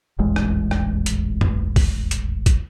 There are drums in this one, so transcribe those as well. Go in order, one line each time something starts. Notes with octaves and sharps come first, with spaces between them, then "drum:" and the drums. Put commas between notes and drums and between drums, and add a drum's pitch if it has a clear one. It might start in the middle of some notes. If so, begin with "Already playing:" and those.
D#1 A1 E2 G#3
drum: rim click
drum: rim click
drum: hi-hat
drum: tom F#2
drum: kick, open hi-hat
drum: hi-hat
drum: kick, hi-hat